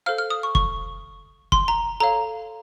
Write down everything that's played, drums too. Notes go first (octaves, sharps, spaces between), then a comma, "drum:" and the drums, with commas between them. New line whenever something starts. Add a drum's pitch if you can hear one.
A4 C5 F5 F6
F6
D#6
C#6
C#6, drum: kick
C6, drum: kick
A#5
A4 C#5 F5 A#5